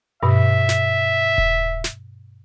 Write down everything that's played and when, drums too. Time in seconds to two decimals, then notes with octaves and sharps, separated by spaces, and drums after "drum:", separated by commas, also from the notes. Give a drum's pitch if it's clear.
0.23 G2 B2 E5
0.69 drum: snare
1.38 drum: kick D#1
1.84 drum: snare